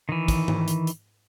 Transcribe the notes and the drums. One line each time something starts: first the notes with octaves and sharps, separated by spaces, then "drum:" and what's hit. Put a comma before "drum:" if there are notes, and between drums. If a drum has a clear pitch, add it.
D#3 E3
drum: kick, hi-hat
drum: tom G#2
drum: hi-hat
drum: hi-hat